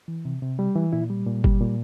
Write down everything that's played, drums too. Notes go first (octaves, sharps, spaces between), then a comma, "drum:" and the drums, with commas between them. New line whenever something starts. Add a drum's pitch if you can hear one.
E3
C3
C3
G3
E3
A#2 E4
G3
A#2
G3, drum: kick G1
A#2